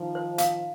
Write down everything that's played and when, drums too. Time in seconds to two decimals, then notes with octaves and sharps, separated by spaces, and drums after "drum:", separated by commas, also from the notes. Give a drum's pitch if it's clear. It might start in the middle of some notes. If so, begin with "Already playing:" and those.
Already playing: D#3 F3
0.15 C5
0.38 F5, drum: hi-hat